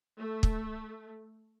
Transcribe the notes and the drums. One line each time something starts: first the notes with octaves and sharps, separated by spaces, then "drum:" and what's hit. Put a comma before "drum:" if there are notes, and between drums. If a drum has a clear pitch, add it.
A3
drum: kick